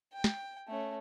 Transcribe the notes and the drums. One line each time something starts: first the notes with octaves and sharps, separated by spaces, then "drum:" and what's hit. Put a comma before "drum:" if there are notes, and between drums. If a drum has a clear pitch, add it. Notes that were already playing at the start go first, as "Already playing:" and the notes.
G5
drum: snare
A3 C#4